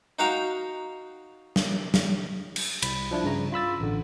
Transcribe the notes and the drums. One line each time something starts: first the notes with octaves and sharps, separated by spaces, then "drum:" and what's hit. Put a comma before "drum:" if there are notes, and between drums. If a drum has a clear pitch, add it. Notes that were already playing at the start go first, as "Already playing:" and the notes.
D#4 F#4 A#4 F5 G5 A#5
drum: snare
drum: snare
drum: cymbal
C2 B5, drum: cymbal
F3 D4 E4
G2 C#3 A#5
F4 B5 E6 A6
A1 D3